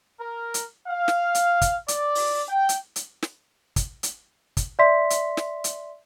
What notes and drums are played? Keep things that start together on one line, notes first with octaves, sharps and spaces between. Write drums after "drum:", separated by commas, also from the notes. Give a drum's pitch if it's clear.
A#4
drum: hi-hat
F5
drum: snare
drum: hi-hat
drum: kick, hi-hat
D5, drum: hi-hat
drum: open hi-hat
G5
drum: hi-hat
drum: hi-hat
drum: snare
drum: kick, hi-hat
drum: hi-hat
drum: kick, hi-hat
D5 E5 C6 B6
drum: hi-hat
drum: snare
drum: hi-hat